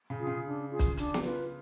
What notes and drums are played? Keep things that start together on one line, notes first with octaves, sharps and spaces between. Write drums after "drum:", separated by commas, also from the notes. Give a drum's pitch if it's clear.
C#3
F4 G#4
C#3
D4
F4 G#4
drum: kick, hi-hat
D4, drum: hi-hat
drum: snare
F4 B4